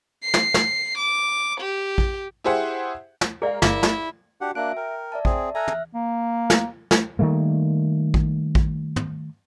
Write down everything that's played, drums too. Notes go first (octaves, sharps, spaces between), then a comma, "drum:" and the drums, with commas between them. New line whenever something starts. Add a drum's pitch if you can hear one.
C7
drum: snare
drum: snare
D6
G4
drum: kick
E4 G4 G#4 C5 E5 F#5
drum: snare
G#3 G#4 A#4 D5 E5 F5
G1 E4 E5 D6, drum: snare
drum: snare
D4 F#4 G4 F#5
A#3 D4 E5 F#6 D7
A#4 G5
D5 E5 A5
C4 G#4, drum: kick
A4 E5 G#5 A#5 F6 F#6
drum: tom
A#3
drum: snare
drum: snare
D#3 G3 A3 A#3
drum: kick
drum: kick
drum: tom